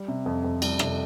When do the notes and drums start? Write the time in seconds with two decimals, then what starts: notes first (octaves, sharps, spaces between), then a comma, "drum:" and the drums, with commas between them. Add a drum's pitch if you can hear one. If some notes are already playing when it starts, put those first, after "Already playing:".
Already playing: G3
0.08 C3
0.26 F2
0.44 F2
0.62 G3, drum: cymbal
0.79 C3, drum: rim click